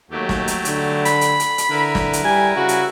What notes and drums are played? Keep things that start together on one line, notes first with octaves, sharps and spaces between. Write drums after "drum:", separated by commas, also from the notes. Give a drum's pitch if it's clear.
D#2 F#3 A3 G4
drum: snare
drum: hi-hat
D3, drum: hi-hat
B5, drum: hi-hat
drum: hi-hat
drum: hi-hat
drum: hi-hat
D3 E4 A#4 B4
drum: snare
drum: hi-hat
G3 G#5
C#3 F#4
drum: hi-hat